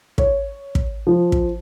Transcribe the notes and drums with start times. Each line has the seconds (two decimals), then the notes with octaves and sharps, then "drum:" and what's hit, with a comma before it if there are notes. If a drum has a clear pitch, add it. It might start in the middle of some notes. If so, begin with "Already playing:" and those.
0.18 C#5, drum: kick
0.75 drum: kick
1.07 F3
1.32 drum: kick